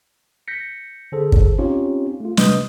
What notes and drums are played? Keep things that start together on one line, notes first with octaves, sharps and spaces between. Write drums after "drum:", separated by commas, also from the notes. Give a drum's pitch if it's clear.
G6 A#6 B6 C#7
D3 G#4 A4 C5
drum: kick
C4 C#4 D#4 F4 G4 C#5
A3 F4
C3 B4 D#5 D#6 G6, drum: snare